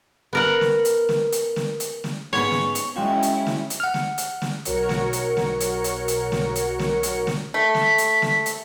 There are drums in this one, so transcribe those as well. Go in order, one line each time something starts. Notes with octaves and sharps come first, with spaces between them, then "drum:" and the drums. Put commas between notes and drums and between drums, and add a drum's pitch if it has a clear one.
B3 A#4 F#5
drum: snare
drum: hi-hat
drum: snare
drum: hi-hat
drum: snare
drum: hi-hat
drum: snare
G#2 B3 C#4 C#5
drum: snare
drum: hi-hat
F3 G#3 C#4 E4 F#4 G5
drum: hi-hat
drum: snare
drum: hi-hat
F#5 F6
drum: snare
drum: hi-hat
drum: snare
B1 F#4 A#4 C#5 C#7, drum: hi-hat
drum: snare
drum: hi-hat
drum: snare
drum: hi-hat
drum: hi-hat
drum: hi-hat
drum: snare
drum: hi-hat
drum: snare
drum: hi-hat
drum: snare
A3 B6
drum: snare
drum: hi-hat
drum: snare
drum: hi-hat